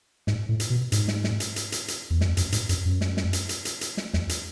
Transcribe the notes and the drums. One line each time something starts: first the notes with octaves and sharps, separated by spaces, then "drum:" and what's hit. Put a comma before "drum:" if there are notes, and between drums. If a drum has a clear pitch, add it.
G#2, drum: snare
A2
drum: hi-hat
B2
G#2, drum: hi-hat
drum: snare
drum: snare
drum: hi-hat
drum: hi-hat
drum: hi-hat
drum: hi-hat
E2
F#2, drum: snare
F#2, drum: hi-hat
G#2, drum: hi-hat
F#2, drum: hi-hat
F#2
drum: snare
drum: snare
drum: hi-hat
drum: hi-hat
drum: hi-hat
drum: hi-hat
drum: snare
E2, drum: snare
drum: hi-hat